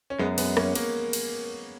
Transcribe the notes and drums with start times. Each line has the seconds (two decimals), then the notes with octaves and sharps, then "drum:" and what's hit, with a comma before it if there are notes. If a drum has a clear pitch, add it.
0.10 C#4
0.19 F#2 G#3 B3
0.38 G#3 B3, drum: cymbal
0.57 A#3 C#4, drum: rim click
0.75 A#3, drum: cymbal
1.13 drum: cymbal